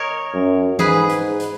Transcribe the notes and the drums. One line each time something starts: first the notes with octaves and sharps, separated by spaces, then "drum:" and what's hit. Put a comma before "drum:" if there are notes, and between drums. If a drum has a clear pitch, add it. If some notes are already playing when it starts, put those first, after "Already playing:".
Already playing: A#4 C#5 D#5
F#2
G#2 G#4 B4, drum: tom E3
drum: hi-hat
drum: hi-hat